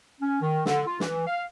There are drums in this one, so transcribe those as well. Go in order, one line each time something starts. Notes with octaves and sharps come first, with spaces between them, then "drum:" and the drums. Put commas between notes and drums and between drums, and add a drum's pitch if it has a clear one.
C#4
D#3
D3, drum: snare
F4
E3, drum: snare
F5